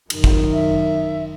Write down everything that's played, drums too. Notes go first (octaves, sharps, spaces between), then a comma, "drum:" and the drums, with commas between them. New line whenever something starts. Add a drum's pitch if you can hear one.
F#2 D#3, drum: cymbal
drum: kick
E5